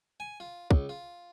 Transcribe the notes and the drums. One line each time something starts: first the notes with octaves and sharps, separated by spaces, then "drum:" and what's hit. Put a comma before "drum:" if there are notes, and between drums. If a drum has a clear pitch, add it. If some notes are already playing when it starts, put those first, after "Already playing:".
G#5
F4
C#2, drum: kick
F4